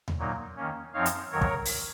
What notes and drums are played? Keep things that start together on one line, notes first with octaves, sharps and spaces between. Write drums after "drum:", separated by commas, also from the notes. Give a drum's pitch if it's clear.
drum: tom D#2
A#2 F#3 A#3 D#4
D#3 A#3 C#4
F#2 F3 C4 D#4 C#5 F5
drum: hi-hat
F2 D#3 F#3 A#4 C#5
drum: kick
drum: open hi-hat